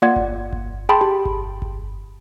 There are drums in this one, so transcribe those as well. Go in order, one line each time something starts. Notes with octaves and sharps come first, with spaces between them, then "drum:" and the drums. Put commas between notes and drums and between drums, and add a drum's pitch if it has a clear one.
A#3 F4 D5 F#5 G#6
drum: kick G1
drum: kick G1
G#4 G5 A5 B5 C6
G4
drum: kick G1
drum: kick G1